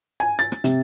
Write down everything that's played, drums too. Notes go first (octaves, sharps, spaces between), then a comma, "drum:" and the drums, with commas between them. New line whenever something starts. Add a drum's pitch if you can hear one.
G#5
A6
drum: rim click
C3, drum: hi-hat